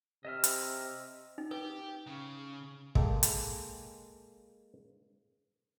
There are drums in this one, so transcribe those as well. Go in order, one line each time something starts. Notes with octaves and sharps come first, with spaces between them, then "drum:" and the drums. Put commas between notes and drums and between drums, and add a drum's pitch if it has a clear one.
C3 D#5 E5 F6
drum: hi-hat
D#4
G4 B4
C#3
G#3 A#3 A4 G5, drum: kick
drum: hi-hat